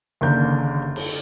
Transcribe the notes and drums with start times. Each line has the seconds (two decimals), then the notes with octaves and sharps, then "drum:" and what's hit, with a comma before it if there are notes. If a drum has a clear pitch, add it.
0.21 F#1 D#2 D3 A#4 G6
0.96 drum: cymbal